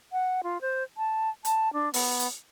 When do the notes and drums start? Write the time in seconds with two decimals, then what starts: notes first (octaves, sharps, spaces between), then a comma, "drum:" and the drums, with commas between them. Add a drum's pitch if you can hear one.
0.12 F#5
0.43 F4
0.61 C5
0.97 A5
1.45 A5, drum: hi-hat
1.73 D4
1.94 B3, drum: open hi-hat
2.19 drum: hi-hat